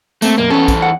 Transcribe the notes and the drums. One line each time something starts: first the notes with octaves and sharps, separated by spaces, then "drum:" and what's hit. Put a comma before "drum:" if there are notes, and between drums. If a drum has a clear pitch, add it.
A3 A#3 C4, drum: tambourine
B1 F#2 A#3
E2 B3 C#4 A4
drum: kick, tambourine
F#5